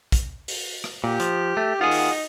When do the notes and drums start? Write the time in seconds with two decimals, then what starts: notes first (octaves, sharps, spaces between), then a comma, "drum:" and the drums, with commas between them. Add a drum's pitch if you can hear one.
0.12 drum: kick, hi-hat
0.48 drum: open hi-hat
0.84 drum: rim click
1.04 A#2 G4
1.20 F3, drum: hi-hat
1.57 A3
1.81 D#3 F4 G#4 F#5 D#6
1.91 drum: open hi-hat
2.11 D#4